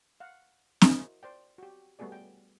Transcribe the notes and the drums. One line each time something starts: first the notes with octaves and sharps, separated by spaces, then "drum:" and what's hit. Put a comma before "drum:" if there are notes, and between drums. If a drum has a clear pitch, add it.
F5 F#5
E4 F#4 A#4 C5 D#5, drum: snare C4
C5 D5 G5
F#4 G4
G3 A3 B3 F#4 G#4 D5
G5